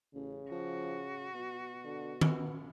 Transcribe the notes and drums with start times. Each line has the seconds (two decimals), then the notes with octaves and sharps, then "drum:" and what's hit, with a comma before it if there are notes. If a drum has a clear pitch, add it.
0.15 A1 C#3
0.51 F3 F#4
1.35 B2
1.85 D3
2.21 B3, drum: tom